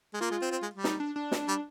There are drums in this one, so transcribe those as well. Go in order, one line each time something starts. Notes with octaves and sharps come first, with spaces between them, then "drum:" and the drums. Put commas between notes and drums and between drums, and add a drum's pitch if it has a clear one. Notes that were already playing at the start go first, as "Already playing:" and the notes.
G#3
A#3 F4
G#3
C4
C4
G#3
G3
D#4, drum: snare
D4
D4
drum: snare
G3